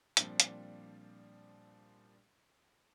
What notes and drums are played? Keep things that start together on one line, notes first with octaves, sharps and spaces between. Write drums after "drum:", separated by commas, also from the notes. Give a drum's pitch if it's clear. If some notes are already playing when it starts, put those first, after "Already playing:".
A#2 F3 G3 C4 D4, drum: hi-hat
drum: hi-hat